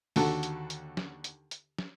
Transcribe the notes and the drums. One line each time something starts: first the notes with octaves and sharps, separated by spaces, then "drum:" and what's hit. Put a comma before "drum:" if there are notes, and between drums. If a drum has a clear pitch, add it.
D#2 D3 F#4 A4, drum: open hi-hat
drum: hi-hat
drum: hi-hat
drum: snare
drum: hi-hat
drum: hi-hat
drum: snare